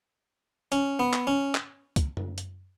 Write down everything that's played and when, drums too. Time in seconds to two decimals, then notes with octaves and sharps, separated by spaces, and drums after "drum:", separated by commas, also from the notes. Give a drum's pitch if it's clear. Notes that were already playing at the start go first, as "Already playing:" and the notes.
0.72 C#4, drum: hi-hat
0.99 B3
1.13 drum: clap
1.27 C#4
1.55 drum: clap
1.96 drum: kick C#2, hi-hat
2.17 drum: tom F#2
2.38 drum: hi-hat